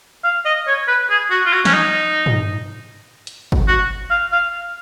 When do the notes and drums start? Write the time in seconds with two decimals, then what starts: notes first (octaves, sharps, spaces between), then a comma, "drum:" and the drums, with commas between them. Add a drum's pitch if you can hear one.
0.24 F5
0.45 D#5
0.67 C#5
0.88 B4
1.10 G#4
1.30 F#4
1.46 F4
1.53 F#4
1.65 C#4, drum: snare
1.73 D#4
2.26 drum: tom
3.27 drum: hi-hat
3.52 drum: kick G1
3.68 F#4
4.10 F5
4.32 F5